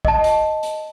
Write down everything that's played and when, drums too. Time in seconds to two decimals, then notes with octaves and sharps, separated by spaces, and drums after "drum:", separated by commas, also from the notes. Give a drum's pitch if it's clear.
0.05 D#5 A5, drum: kick
0.24 drum: hi-hat
0.63 drum: hi-hat